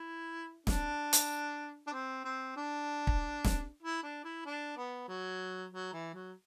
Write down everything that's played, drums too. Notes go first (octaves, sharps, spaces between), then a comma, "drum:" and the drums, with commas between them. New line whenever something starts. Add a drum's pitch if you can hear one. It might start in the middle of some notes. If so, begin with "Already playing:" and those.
Already playing: E4
D4, drum: snare
drum: hi-hat
D4
C4
C4
D4
drum: kick
drum: snare
E4
D4
E4
D4
B3
F#3
F#3
E3
F#3